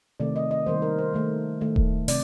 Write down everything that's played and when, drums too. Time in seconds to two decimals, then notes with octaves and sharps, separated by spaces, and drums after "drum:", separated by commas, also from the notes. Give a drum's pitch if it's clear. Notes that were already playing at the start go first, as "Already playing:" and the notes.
0.20 C3 D#3 A3 D5
0.36 D#5
0.51 D#5
0.66 D#3 G3 A#3 C5
0.82 A#4
0.98 C5
1.14 D#3 A3
1.61 D#3 A3
1.76 drum: kick D#1
2.08 C3 D5, drum: open hi-hat